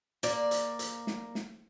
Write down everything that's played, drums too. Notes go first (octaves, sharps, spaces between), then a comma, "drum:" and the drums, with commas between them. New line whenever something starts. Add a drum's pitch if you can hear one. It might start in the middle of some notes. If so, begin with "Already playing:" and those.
A#3 D5, drum: hi-hat
drum: hi-hat
drum: hi-hat
drum: snare
drum: snare